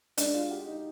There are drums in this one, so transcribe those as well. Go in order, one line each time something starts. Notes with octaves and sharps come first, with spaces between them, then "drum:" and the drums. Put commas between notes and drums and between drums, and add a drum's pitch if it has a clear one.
G#3 D4, drum: hi-hat
F4
G4
D#4